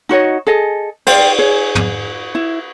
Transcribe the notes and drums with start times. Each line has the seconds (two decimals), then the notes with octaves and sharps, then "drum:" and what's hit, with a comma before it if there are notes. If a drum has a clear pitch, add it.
0.09 D#4 F#4 C#5 D#5
0.47 G#4 A4 D#5
1.07 C5 D5 F5 G5, drum: cymbal
1.39 G#4 C#5
1.75 drum: tom
2.35 E4